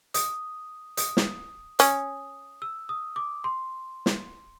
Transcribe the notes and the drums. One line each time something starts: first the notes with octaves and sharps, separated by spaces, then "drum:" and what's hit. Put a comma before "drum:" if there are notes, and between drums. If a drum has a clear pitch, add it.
D#6, drum: hi-hat
D#6, drum: hi-hat
drum: snare
C#4 D#6, drum: hi-hat
E6
D#6
D6
C6
drum: snare